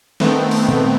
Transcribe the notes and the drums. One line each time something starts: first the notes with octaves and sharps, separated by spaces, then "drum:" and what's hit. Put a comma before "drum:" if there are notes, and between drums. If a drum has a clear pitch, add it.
D#3 A3 B3 C4, drum: snare
drum: open hi-hat
drum: tom A#2